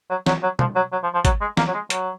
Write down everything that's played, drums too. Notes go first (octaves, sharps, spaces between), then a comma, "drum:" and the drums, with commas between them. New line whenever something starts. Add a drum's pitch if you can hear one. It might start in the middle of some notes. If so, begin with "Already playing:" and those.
F#3
F#3, drum: snare
F#3
F3, drum: tom B2
F#3
F#3
F3
F3
F#3, drum: kick G#1, hi-hat
G#3
A#3, drum: snare
F#3
G#3
F#3, drum: hi-hat